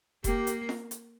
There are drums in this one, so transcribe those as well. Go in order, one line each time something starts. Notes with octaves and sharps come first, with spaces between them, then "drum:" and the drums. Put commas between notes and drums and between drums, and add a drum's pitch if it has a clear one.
A#3 G4, drum: kick E1, hi-hat
drum: hi-hat
drum: snare F4
drum: hi-hat